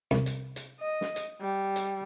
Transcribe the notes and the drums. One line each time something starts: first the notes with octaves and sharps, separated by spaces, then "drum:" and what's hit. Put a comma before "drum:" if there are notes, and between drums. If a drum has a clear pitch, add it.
C2, drum: snare
drum: hi-hat
drum: hi-hat
D#5
drum: snare
drum: hi-hat
G3
drum: hi-hat